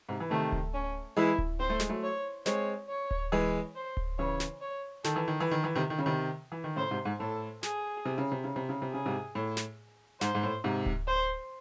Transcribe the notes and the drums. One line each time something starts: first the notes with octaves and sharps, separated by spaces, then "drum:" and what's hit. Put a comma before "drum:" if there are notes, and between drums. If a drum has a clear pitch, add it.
G#2 C3
E3
C3 D#3 A3
drum: kick D1
C#4
E3 G#3 E4
drum: kick D1
C4 C5
A3
G#3, drum: snare
F#3 A3
C#5
G#3 C4 C#5, drum: snare
C#5
drum: kick D1
E3 G#3
C5
drum: kick D1
C#3 E3 C#5
drum: snare
C#5
D#3 A4, drum: snare
E3
D#3
E3
D#3
E3
C3 D#3
D#3
C#3
C3 D#3
E3
D#3
A2 C#3 C5
G#2 C3
G#2
A2 A4
G#4, drum: snare
C3
C#3
C3
C#3
C3
C#3
C3
C#3 G#4
G#2 C3
A2
drum: snare
G#2 C5, drum: snare
G#2
A2
G#2 C3
drum: kick D1
C5